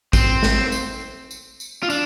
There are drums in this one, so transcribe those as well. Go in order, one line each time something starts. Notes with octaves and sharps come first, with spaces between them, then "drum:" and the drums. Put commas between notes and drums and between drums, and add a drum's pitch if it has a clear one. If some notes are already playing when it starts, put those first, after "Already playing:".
C4, drum: kick A1, tambourine
drum: snare
drum: tambourine
drum: tambourine
drum: tambourine
F4
D4, drum: tambourine